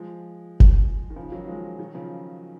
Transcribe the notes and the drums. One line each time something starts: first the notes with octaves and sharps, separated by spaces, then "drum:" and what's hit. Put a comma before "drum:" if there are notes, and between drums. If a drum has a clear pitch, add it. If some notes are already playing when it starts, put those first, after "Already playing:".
Already playing: F3 G#3
drum: kick F#1
D#3
C#3 F3
D#3 F#3
F3 G#3
D#3 F#3
C#3 F3